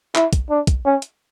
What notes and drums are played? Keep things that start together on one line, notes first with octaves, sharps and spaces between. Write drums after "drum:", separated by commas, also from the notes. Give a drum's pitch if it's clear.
E4, drum: clap
drum: kick, hi-hat
D4
drum: kick, hi-hat
C#4
drum: hi-hat